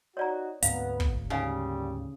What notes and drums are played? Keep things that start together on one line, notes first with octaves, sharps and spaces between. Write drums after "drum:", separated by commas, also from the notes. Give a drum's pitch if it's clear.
D#4 F#4 C#5 D5 A#5
D2 G#2 B3 C4 F5 A#5, drum: hi-hat
drum: kick
A#2 C#3 G3 D#4 F5 G#5